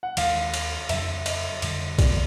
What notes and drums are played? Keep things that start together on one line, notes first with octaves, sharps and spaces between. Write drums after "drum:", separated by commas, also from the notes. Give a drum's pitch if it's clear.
F#5
D#2 D#3 G#3 F5, drum: cymbal
drum: cymbal
F2 C#3 F#3 E5, drum: cymbal
D#5, drum: cymbal
F2 D3 G3, drum: cymbal
D5, drum: kick B1, cymbal